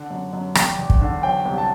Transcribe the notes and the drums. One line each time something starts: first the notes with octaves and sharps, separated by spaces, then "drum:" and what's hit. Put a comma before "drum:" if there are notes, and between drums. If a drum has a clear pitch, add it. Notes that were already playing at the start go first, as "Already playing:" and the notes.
Already playing: D3 F#5
F#2
F#2
E2 G5, drum: rim click
E2
drum: kick
D3
F#3 G5
C2
A5